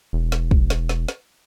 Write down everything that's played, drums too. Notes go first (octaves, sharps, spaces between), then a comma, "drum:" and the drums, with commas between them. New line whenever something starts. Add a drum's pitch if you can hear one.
E1
drum: snare
drum: kick
drum: snare
drum: snare
drum: snare